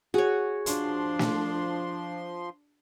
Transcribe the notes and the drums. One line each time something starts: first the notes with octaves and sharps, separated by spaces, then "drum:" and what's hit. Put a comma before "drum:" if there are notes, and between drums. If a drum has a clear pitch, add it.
F#4 G#4 C#5
F3 D4 C6, drum: hi-hat
drum: snare